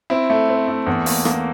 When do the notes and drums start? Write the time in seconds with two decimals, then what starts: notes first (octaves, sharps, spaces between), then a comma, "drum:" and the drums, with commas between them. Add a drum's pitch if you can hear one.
0.10 C4 E4
0.30 A3
0.49 C4
0.68 A3
0.87 E2
1.06 A#3, drum: open hi-hat
1.25 A#3, drum: rim click